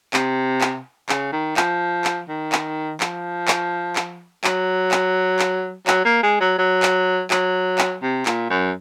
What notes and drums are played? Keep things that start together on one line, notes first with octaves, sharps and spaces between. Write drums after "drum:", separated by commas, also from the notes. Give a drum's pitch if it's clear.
C3, drum: clap
drum: clap
C#3, drum: clap
D#3
F3, drum: clap
drum: clap
D#3
drum: clap
F3, drum: clap
drum: clap
drum: clap
F#3, drum: clap
drum: clap
drum: clap
F#3, drum: clap
A#3
G#3
F#3
F#3
drum: clap
F#3, drum: clap
drum: clap
C3
A#2, drum: clap
F#2